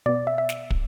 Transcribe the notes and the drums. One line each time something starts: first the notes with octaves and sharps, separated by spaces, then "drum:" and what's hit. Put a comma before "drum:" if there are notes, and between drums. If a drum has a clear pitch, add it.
B2 B3 D5
E5
E5
drum: snare
drum: kick